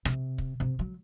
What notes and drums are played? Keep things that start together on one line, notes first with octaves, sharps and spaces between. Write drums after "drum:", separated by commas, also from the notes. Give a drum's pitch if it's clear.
C3, drum: rim click
drum: kick
C3
F#3